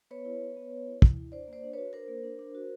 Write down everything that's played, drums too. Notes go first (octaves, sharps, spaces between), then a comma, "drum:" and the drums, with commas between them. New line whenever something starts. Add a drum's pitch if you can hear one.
B3 B4 C#5
E4
B3
B3
B3
E4
E4, drum: kick
E4
D4 C5 D5
A#3 C5 D5
D4
F#4 B4 C#5
D4 A#4 C5
A#3
D4
D4
F#4